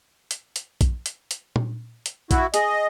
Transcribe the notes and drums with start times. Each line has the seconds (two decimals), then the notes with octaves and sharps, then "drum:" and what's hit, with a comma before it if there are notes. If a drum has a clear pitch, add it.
0.31 drum: hi-hat
0.56 drum: hi-hat
0.81 drum: kick A#1, hi-hat
1.06 drum: hi-hat
1.31 drum: hi-hat
1.56 drum: tom A#2
2.06 drum: hi-hat
2.31 E4 F#4, drum: kick A#1, hi-hat
2.54 G#4 D#5, drum: hi-hat